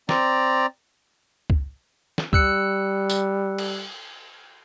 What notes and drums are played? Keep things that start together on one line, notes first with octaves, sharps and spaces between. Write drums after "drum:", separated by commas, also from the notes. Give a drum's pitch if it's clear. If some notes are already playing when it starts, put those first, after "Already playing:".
C4 D5 A#5, drum: snare
drum: kick C#2
drum: snare
G3 E6 F#6 C#7, drum: kick C#2
drum: tambourine
drum: cymbal